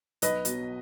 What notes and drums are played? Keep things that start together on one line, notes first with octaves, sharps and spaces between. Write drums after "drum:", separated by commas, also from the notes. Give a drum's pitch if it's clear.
B1 B4 D#5, drum: hi-hat
B2 F#3, drum: hi-hat